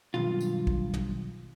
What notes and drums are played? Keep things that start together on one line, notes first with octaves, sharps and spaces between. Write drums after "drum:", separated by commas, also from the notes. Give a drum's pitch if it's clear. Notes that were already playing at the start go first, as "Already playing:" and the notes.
G2 B2 D#3 F#3 F4
drum: tambourine
drum: kick
drum: tom